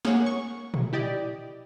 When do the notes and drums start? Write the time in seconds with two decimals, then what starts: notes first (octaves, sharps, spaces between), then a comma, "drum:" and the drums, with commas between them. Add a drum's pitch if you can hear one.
0.05 A#3 G#4 C#5 F#5, drum: snare
0.26 C#6
0.74 drum: tom A#2
0.93 E4 G4 D5 D#5